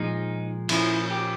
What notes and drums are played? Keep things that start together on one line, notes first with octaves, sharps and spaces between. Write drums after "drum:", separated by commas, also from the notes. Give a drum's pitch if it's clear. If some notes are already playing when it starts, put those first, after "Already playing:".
Already playing: A#2 F3 G#3 D#4
A#2 F3 A#3 C#4 E4, drum: cymbal
G4